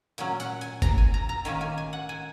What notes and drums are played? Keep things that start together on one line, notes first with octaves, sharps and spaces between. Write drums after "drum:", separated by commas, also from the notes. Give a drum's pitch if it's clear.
A#2 F#3 C#4 G#5, drum: hi-hat
F#5, drum: hi-hat
G#5, drum: hi-hat
A#5, drum: kick F#1, hi-hat
G#5
A#5
A#5
D#3 A#3 C#4 G#5, drum: hi-hat
G#5
G#5
F#5
G#5